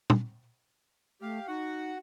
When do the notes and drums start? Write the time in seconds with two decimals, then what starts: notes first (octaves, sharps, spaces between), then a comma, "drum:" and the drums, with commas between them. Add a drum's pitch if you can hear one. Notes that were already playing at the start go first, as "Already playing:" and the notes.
0.10 drum: tom
1.21 A3 G4 F5
1.48 D#4 F#4 F#5